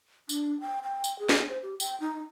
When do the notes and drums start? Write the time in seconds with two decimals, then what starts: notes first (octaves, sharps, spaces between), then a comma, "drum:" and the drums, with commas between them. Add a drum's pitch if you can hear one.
0.29 D4, drum: tambourine
0.61 G5
0.83 G5
1.04 drum: tambourine
1.19 G#4
1.29 drum: snare
1.49 C5
1.63 G4
1.80 G5, drum: tambourine
2.01 D#4